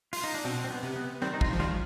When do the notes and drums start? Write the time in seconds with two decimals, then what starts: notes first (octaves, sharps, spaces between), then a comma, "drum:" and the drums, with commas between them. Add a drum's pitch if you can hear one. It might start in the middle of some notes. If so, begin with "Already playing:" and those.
0.13 F4, drum: open hi-hat
0.24 D#4
0.34 D4
0.45 B2 C4
0.64 C4
0.70 B3
0.83 C3
0.96 B3
1.22 D#3 G3 C4
1.34 D#4
1.41 F4, drum: kick
1.53 F3
1.60 D#3 G3 F4